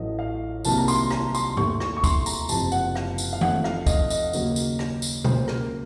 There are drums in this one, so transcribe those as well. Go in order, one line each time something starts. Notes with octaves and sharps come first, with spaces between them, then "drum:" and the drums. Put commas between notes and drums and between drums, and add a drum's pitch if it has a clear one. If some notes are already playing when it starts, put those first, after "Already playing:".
Already playing: A1 A2 F#3 A3 D#5
F5
C2 C3 D#3 F#3 A#3 A5, drum: tambourine
A#5
C6, drum: tambourine
A#5, drum: rim click
C6, drum: tambourine
D#2 D#3 A3 C#6, drum: tom G2
C#6, drum: rim click
C#6
C6, drum: kick, tambourine
A#5, drum: tambourine
F#1 F2 C3 A5, drum: tambourine
F#5, drum: tambourine
F5, drum: rim click
drum: tambourine
F5
F2 D#3 A3 F#5, drum: tom D#3
F5, drum: rim click
D#5, drum: kick, tambourine
D#5, drum: tambourine
D#2 C#3 F#3 A#3, drum: tambourine
drum: tambourine
drum: rim click
drum: tambourine
C#2 C#3 F#3 A#3 C5, drum: tom B2
A#4, drum: rim click